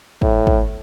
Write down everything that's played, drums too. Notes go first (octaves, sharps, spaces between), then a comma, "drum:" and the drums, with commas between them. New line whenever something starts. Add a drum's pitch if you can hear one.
A2, drum: kick
drum: kick